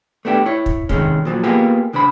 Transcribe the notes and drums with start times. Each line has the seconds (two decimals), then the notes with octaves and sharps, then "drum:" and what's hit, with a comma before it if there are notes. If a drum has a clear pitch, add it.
0.25 A3 B3 D4 G4
0.46 E4 C#5
0.66 drum: kick
0.89 C3 D#3 E3 G#3 C#4, drum: kick
1.25 A#2 F3 F#3
1.43 A#3 B3 F4 G4 G#4
1.93 C#3 D4 C5 B5